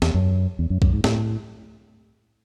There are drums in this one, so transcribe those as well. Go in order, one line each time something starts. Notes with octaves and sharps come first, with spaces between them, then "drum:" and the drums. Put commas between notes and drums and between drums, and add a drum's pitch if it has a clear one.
E2, drum: snare
F#2
E2
F#2
F#2, drum: kick B1
G#2
A2, drum: snare